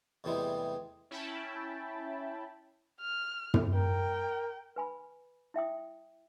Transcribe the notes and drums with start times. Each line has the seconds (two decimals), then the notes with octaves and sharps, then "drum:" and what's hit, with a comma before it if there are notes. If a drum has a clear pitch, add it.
0.24 E2 A2 C3 E3 G3 G#3
1.11 C#4 E4 E5 G5 A5 B5
3.01 F6
3.54 drum: tom
3.74 A#4 G5
4.76 B4 G#5 B5
5.54 E4 E5 G5 D#6